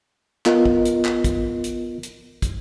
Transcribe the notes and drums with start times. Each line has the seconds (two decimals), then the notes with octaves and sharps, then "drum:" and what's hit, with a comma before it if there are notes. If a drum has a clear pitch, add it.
0.46 B3 F4 A#4 D#5, drum: clap
0.65 drum: kick
0.85 drum: hi-hat
1.05 drum: clap
1.24 drum: kick, hi-hat
1.64 drum: hi-hat
2.03 drum: hi-hat
2.42 drum: kick, hi-hat